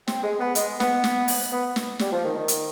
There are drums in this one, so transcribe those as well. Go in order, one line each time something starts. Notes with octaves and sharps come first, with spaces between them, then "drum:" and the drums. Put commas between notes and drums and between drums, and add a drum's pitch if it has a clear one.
C4, drum: snare
G#3
B3
G#3, drum: hi-hat
B3, drum: snare
drum: snare
drum: open hi-hat
B3
drum: snare
G3, drum: snare
F3
D#3
D#3
drum: hi-hat